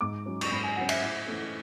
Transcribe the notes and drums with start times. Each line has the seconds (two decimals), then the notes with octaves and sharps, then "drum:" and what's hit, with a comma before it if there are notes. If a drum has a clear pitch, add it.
0.01 G#2 D6
0.26 F#3 C#4
0.41 C#6, drum: cymbal
0.51 G#2 B5
0.64 G#5
0.76 F#3 C#4 F#5
0.89 E5, drum: cymbal
1.01 A2 E5
1.27 E3 A3 C#4